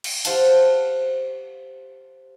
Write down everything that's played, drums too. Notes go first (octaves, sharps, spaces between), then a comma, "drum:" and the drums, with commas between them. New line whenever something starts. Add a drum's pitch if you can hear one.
drum: cymbal
G4 C5 F5 F#5 A5, drum: hi-hat